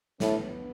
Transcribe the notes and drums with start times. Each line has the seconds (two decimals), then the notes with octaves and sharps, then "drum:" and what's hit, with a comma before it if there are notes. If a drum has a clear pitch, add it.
0.20 A2 B3, drum: snare